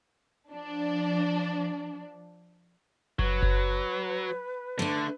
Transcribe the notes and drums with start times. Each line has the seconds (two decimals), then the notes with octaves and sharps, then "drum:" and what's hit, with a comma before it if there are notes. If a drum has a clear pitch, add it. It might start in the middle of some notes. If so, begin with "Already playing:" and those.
0.51 F3 D4
3.19 F#3 B4, drum: kick F#1
3.42 drum: kick F#1
4.79 D3 A3 D4